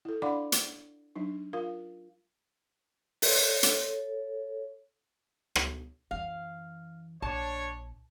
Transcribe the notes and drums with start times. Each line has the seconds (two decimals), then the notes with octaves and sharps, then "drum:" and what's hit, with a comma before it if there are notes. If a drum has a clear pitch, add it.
0.05 E4 A4
0.22 D4 D5 F5 F#5 B5 D6
0.52 drum: hi-hat
1.16 F#3 D4 D#4
1.53 F4 A#4 F5
3.22 A4 C#5, drum: open hi-hat
3.63 drum: hi-hat
5.55 drum: rim click
6.11 F#2 E3 F5
7.22 A#1 D4 C#5 A5